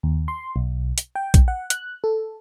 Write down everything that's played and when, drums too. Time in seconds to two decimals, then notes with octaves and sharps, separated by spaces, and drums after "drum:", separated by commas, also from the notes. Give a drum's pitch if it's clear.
0.03 D#2
0.28 C6
0.56 B1
0.98 drum: hi-hat
1.15 G5
1.34 drum: kick, hi-hat
1.48 F#5
1.70 F#6, drum: hi-hat
2.04 A4